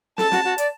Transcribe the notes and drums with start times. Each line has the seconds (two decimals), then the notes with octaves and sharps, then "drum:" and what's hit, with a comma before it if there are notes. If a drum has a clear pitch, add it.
0.18 A4 A5, drum: snare
0.32 F#4, drum: snare
0.44 F#4
0.58 D5, drum: hi-hat